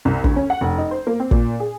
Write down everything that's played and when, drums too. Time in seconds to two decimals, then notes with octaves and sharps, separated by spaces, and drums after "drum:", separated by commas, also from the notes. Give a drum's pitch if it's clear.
0.05 C2
0.24 D2, drum: kick
0.36 C#4
0.50 F#5
0.61 F1
0.78 D#4
0.91 C5
1.07 A#3
1.20 C4
1.31 A#2, drum: kick
1.60 G#4